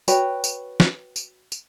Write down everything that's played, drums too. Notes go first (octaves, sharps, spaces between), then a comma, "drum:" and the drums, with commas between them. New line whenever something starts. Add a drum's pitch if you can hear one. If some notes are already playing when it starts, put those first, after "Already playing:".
F#4 B4 C#5 G5, drum: tambourine
drum: tambourine
drum: snare
drum: tambourine
drum: tambourine